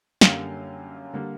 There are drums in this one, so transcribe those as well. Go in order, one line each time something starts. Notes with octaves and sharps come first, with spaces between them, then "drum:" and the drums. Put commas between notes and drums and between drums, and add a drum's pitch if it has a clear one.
F#2 D3 G3 A#3 F5 G5, drum: snare
D3 G3 A#3